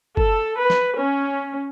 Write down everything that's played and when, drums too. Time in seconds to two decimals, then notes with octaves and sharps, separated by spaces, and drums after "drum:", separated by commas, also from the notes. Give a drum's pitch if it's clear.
0.17 A4, drum: kick
0.60 B4
0.70 drum: snare
0.99 C#4